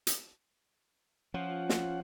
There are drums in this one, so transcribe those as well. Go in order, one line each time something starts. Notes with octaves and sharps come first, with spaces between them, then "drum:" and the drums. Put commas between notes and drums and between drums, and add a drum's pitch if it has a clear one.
drum: hi-hat
F3 C#4 F4 F#5
drum: snare